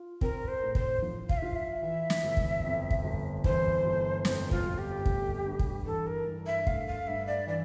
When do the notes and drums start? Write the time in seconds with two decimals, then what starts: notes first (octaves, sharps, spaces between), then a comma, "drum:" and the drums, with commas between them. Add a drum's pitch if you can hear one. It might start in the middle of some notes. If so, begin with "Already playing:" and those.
Already playing: F4
0.21 C4 A#4, drum: kick
0.48 C5
0.62 A2
0.75 C5, drum: kick
1.02 F3
1.29 F5, drum: kick
1.37 E5
1.42 F4 F5
1.56 E5
1.82 E3
2.10 drum: snare
2.23 G1
2.37 drum: kick
2.64 F2
2.90 drum: kick
3.04 G1
3.44 E3 C5, drum: kick
3.85 G1
4.25 F2 C5, drum: snare
4.51 F4, drum: kick
4.66 G1
4.79 G4
5.06 A3, drum: kick
5.46 G2
5.59 drum: kick
5.86 E3 A4
6.07 A#4
6.26 G2
6.47 E5
6.67 A3 F5, drum: kick
6.88 F5
7.07 G2 E5
7.27 D5
7.47 E3 D5